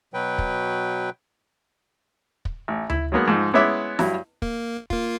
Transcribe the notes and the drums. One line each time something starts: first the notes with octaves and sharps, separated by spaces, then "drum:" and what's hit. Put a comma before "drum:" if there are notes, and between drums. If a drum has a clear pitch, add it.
B2 F#3 B4 G5
drum: kick
drum: kick
A1
E4, drum: tom D2
F#3 G#3 A#3 B3
G#2 F3 D#4
G#3 B3 C#4 E4 E5 D6
G2 F#3 E4, drum: snare E4
A#3, drum: kick
A#3 F4, drum: kick